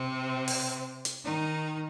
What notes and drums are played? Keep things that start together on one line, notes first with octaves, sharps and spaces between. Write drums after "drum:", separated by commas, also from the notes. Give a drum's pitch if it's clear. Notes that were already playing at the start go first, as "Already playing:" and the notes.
Already playing: C3 C4
drum: open hi-hat
drum: hi-hat
D#3 D#4